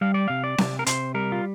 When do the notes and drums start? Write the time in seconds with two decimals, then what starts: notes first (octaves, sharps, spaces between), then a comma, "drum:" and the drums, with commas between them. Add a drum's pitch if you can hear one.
0.01 G3 F5
0.14 D5
0.28 C3 F5
0.44 D5
0.58 C3, drum: snare C4
0.79 A#4
0.87 C3 C5, drum: hi-hat
1.14 G3 A#4
1.32 F4